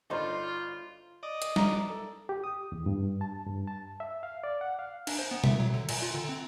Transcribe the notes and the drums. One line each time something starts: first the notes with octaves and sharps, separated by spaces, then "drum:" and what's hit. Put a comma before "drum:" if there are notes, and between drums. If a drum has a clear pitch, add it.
G1 D#4 F4 C5 D5 A#5
D5 D#5
drum: hi-hat
A#5, drum: snare
A4
G4
D#6
E2
G2
A5
G2
A5
E5
F5
D5
F#5
F5
D4, drum: cymbal
C5
B3
E5, drum: tom B2
F#3
D3
A#2, drum: cymbal
F4
D3
C4